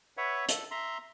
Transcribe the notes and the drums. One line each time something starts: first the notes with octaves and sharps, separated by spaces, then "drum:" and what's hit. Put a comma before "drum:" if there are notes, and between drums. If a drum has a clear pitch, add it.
B4 C#5 E5 F#5
A4, drum: hi-hat
E5 A#5 C6